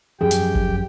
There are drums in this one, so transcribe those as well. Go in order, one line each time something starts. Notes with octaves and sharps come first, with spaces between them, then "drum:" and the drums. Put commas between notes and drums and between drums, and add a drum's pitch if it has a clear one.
F#2 F3 G4 G#4 G5
drum: hi-hat
drum: kick G1